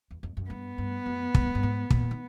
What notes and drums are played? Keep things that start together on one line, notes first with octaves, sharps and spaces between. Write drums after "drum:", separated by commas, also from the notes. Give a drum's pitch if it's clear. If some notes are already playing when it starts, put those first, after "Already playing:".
E2
F2
F#2
G2 B3
G2
F#2
G2, drum: kick
G2
G#2
A#2, drum: kick
D#3